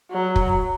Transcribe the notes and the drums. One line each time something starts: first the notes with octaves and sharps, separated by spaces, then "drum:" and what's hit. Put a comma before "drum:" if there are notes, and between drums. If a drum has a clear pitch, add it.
F#3
drum: kick